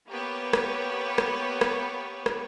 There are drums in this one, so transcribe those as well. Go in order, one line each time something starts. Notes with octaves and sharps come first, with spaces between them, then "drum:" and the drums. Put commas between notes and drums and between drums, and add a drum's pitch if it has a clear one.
A#3 B3 G4 B4 C#5
drum: rim click
drum: rim click
drum: rim click
drum: rim click